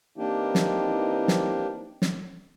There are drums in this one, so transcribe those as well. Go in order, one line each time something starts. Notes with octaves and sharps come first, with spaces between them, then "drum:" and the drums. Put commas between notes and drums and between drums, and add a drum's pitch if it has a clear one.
E3 A#3 C4 D4 D#4 G4
drum: snare
drum: snare
drum: snare